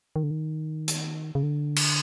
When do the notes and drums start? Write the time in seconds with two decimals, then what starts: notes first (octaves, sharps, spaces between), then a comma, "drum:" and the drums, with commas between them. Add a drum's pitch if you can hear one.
0.16 D#3
0.23 D3
0.31 D#3
0.88 drum: hi-hat
1.35 C#3
1.43 D3
1.76 drum: cymbal